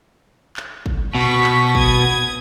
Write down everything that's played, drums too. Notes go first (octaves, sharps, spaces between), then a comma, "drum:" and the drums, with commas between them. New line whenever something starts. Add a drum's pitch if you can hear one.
drum: clap
drum: kick
B2 C#6 B6
drum: clap
D#6 G#6, drum: kick